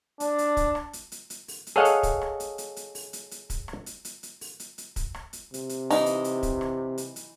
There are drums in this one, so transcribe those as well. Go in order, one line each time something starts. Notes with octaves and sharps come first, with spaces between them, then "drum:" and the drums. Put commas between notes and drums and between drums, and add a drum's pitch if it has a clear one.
D4, drum: hi-hat
drum: hi-hat
drum: kick, hi-hat
drum: rim click
drum: hi-hat
drum: hi-hat
drum: hi-hat
drum: open hi-hat
drum: hi-hat
G#4 A4 C#5 D#5 F5 F#5
drum: hi-hat
drum: kick, hi-hat
drum: rim click
drum: hi-hat
drum: hi-hat
drum: hi-hat
drum: open hi-hat
drum: hi-hat
drum: hi-hat
drum: kick, hi-hat
drum: rim click
drum: hi-hat
drum: hi-hat
drum: hi-hat
drum: open hi-hat
drum: hi-hat
drum: hi-hat
drum: kick, hi-hat
drum: rim click
drum: hi-hat
C3, drum: hi-hat
drum: hi-hat
E3 D#4, drum: open hi-hat
drum: hi-hat
drum: hi-hat
drum: kick, hi-hat
drum: rim click
drum: hi-hat
drum: hi-hat